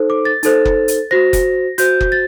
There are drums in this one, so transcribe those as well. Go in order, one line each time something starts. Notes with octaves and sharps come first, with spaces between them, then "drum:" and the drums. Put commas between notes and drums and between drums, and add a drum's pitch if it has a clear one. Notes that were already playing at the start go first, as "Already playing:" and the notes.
Already playing: D#4 A4 C5
D6
A6
D#4 A4 C5, drum: hi-hat
drum: kick F#1
drum: hi-hat
F#4 C5 A#6
drum: kick F#1, hi-hat
F#4 C5 G6, drum: hi-hat
drum: kick F#1
A6